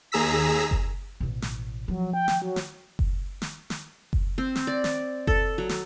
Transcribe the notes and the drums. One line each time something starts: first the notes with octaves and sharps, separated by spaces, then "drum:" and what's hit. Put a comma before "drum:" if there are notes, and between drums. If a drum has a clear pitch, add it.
D#2 G#4 A#5 E6 B6
drum: kick F#1
A1 B2
drum: snare
F3 F#3
G5
drum: snare
F#3
drum: snare
drum: kick F#1
drum: snare
drum: snare
drum: kick F#1
C4
drum: snare
D5
drum: snare
A4, drum: kick F#1
F#3
drum: snare